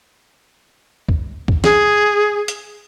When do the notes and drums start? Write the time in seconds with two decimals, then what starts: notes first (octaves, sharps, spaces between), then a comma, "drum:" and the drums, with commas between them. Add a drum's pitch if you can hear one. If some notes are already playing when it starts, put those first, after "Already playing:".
1.09 drum: kick
1.48 drum: kick
1.64 G#4, drum: snare
2.48 drum: hi-hat